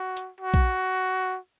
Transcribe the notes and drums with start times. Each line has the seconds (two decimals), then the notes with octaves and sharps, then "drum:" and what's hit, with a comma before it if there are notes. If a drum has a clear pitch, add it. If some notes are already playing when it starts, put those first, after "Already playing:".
Already playing: F#4
0.17 drum: hi-hat
0.40 F#4
0.54 drum: kick A#1